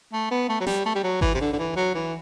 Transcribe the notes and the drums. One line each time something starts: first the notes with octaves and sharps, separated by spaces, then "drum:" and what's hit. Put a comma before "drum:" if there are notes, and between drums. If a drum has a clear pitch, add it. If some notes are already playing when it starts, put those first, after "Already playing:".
A3
B3
A3
F#3
G3, drum: snare
A3
G3
F#3
E3, drum: kick G#1
C3
D3
D3
E3
F#3
E3